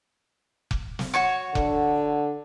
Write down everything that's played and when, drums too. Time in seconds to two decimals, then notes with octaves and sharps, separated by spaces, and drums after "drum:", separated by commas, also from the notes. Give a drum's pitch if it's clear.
0.71 drum: kick F1
0.99 drum: snare
1.14 F#4 C#5 C#6
1.55 D3, drum: kick F1